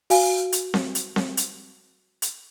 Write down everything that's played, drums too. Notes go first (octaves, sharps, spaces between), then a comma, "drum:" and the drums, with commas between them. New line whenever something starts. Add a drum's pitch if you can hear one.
F#4 F5 G#5, drum: open hi-hat
drum: hi-hat
drum: snare C4
drum: hi-hat
drum: snare C4
drum: hi-hat
drum: hi-hat